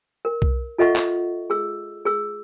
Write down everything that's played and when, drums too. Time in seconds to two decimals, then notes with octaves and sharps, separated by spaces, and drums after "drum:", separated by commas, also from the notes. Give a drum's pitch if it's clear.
0.25 A#4
0.42 drum: kick C2
0.78 F4 A4 D#5 E5 F#5 C#6
0.96 drum: clap
1.50 G#4 E6
2.05 G#4 E6